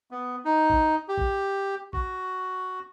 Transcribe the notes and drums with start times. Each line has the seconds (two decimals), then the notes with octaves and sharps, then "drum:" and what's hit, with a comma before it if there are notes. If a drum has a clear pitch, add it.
0.11 B3
0.45 D#4
0.70 drum: kick A1
1.08 G4
1.18 drum: kick A1
1.93 F#4, drum: kick A1